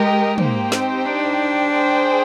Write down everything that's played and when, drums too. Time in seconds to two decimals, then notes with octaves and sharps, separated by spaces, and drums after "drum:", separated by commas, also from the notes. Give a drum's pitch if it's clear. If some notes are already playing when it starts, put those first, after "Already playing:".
Already playing: G#3 G4 A#4 D#5 G5
0.38 A#3 D#4 G4 C5 G5, drum: tom
0.72 C4, drum: snare
1.05 D4
1.73 G#4 C5 G5